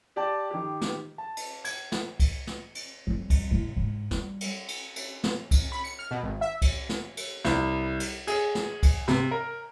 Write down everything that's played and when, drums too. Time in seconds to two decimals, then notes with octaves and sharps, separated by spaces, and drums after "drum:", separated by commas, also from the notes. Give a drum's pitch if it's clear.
0.16 G4 D5 G5 A5
0.50 D#3 G4
0.81 drum: snare
1.18 A5
1.37 drum: cymbal
1.65 G#6, drum: cymbal
1.92 drum: snare
2.20 drum: kick C2, cymbal
2.47 drum: snare
2.75 drum: cymbal
3.07 F2 G3
3.30 drum: kick C2, cymbal
3.51 B1 A2
3.77 G#2
4.11 G3, drum: snare
4.41 drum: cymbal
4.68 drum: cymbal
4.96 drum: cymbal
5.24 drum: snare
5.51 drum: kick C2, cymbal
5.72 B5
5.84 C#7
5.99 F6
6.11 B2
6.23 G#1
6.41 E5
6.62 drum: kick C2, cymbal
6.89 drum: snare
7.17 drum: cymbal
7.45 C2, drum: snare
8.00 drum: cymbal
8.27 G#4, drum: cymbal
8.55 drum: snare
8.83 drum: kick C2, cymbal
9.08 C3, drum: snare
9.31 A#4